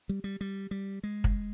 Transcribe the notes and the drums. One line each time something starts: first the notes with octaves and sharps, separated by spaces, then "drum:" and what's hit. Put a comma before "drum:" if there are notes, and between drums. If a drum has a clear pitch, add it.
G3
G3
G3
G3
G#3
drum: kick